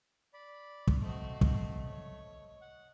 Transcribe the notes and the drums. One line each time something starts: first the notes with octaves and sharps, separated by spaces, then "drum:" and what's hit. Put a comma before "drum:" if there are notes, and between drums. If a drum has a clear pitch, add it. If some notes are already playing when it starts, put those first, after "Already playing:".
D5 B5
drum: kick
A3 C4 F#4 D#5 D#6
drum: kick
C#5
F#5